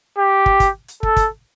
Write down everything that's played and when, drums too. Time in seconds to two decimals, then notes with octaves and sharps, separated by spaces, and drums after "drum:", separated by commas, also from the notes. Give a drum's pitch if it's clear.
0.18 G4
0.46 drum: kick
0.60 drum: kick, hi-hat
0.88 drum: hi-hat
1.03 A4, drum: kick
1.17 drum: kick, hi-hat